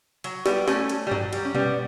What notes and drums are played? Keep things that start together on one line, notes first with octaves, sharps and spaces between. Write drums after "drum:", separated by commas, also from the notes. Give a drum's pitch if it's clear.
F#3, drum: cymbal
G3 B3, drum: snare
A3 C#4, drum: snare
drum: cymbal
G3
F#3, drum: tom G2
G3, drum: cymbal
C#4
G3 B3, drum: tom B2